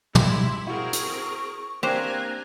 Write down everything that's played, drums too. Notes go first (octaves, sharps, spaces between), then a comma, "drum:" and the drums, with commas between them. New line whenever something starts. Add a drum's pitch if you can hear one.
G#2 G3 E4 C6, drum: tom
C4 E4 F#4 G#4 A#4 C#6
drum: hi-hat
A#3 C4 D4 G4 C5 G#5 A#5 F#6